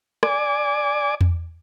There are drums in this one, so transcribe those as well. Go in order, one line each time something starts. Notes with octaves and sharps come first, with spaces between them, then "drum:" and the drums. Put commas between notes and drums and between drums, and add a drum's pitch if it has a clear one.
D5 G#5 D6, drum: rim click
drum: tom E2